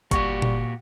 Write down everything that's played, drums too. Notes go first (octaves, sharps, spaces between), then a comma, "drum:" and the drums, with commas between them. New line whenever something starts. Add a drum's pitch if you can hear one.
G1 A#2 G3 F#4 G4 C#6, drum: kick, hi-hat
drum: tom A#2